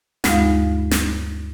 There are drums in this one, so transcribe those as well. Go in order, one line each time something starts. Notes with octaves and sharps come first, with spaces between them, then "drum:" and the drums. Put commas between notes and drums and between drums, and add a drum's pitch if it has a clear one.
D2 G2 G#3 D#4 F4 F5, drum: snare
drum: snare